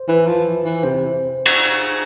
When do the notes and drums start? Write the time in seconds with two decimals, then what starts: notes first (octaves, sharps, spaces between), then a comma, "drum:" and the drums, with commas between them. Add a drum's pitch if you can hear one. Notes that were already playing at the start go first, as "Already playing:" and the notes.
Already playing: C5
0.08 E3 B4
0.27 F3
0.65 E3
0.83 C3 C5
1.46 drum: cymbal